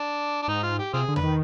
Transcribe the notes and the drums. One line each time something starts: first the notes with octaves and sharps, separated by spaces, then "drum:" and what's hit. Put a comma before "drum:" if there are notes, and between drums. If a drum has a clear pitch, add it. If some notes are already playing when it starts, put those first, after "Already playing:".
Already playing: D4
D4
G#2 D#4
F4
G4
C3 C4 F4 G#4
D3
B4, drum: tom E2
D#3